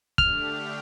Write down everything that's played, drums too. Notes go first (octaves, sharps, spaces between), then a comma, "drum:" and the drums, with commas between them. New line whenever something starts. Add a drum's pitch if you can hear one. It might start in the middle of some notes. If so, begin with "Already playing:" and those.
D3 A3 D4 G4 F6, drum: kick